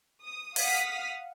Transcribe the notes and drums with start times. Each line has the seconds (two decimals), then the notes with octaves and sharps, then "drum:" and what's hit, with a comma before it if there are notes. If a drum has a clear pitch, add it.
0.22 D#6
0.56 F5 F#5 D#6 F6 B6, drum: open hi-hat